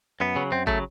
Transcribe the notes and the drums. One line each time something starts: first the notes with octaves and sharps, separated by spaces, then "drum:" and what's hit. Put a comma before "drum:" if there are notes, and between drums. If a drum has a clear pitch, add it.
F#2 B3
C#3 F#3
F#2 C4
C#3 F#3 A3, drum: kick G#1